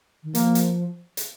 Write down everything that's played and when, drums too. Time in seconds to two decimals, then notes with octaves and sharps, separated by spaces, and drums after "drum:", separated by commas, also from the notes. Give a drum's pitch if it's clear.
0.23 D#3
0.35 F3 A#3, drum: hi-hat
0.55 drum: hi-hat
1.17 drum: hi-hat